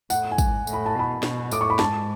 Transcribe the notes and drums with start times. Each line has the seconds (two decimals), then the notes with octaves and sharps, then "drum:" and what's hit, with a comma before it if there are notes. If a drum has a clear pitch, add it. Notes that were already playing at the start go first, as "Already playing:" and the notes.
0.10 A2 F#5, drum: tambourine
0.31 G#5
0.38 G#2, drum: kick, tambourine
0.67 A2, drum: tambourine
0.73 B5
0.86 A5
0.95 B2 B5
1.23 B2, drum: snare
1.51 A2 D6, drum: tambourine
1.61 C#6
1.70 B5
1.79 G#2 A5, drum: snare